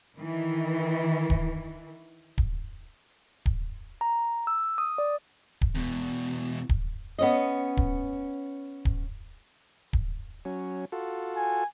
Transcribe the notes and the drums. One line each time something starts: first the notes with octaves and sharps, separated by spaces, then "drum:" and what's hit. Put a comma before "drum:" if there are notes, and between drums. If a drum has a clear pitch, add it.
D#3 E3
drum: kick D1
drum: kick D1
drum: kick D1
A#5
E6
D#6
D5
drum: kick D1
E2 B2
drum: kick D1
B3 C#4 D#5
drum: kick D1
drum: kick D1
drum: kick D1
F#3 C#4
F4 F#4 A4
G#5